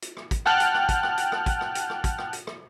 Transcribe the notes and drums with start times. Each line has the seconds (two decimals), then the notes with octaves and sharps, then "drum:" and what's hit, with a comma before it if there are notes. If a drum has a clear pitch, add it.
0.02 drum: hi-hat
0.17 drum: rim click
0.31 drum: kick, hi-hat
0.46 F#5 G5 A5 F6 F#6, drum: rim click
0.60 drum: hi-hat
0.74 drum: rim click
0.89 drum: kick, hi-hat
1.03 drum: rim click
1.18 drum: hi-hat
1.32 drum: rim click
1.46 drum: kick, hi-hat
1.61 drum: rim click
1.75 drum: hi-hat
1.90 drum: rim click
2.04 drum: kick, hi-hat
2.18 drum: rim click
2.33 drum: hi-hat
2.47 drum: rim click